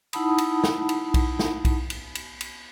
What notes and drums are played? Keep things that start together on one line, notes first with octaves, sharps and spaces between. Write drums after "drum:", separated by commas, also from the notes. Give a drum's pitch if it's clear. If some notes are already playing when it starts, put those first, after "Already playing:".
D#4 E4 F#5 A5 B5 D#6, drum: cymbal
drum: cymbal
drum: snare
drum: cymbal
drum: kick B1, cymbal
drum: snare
drum: kick B1, cymbal
drum: cymbal
drum: cymbal
drum: cymbal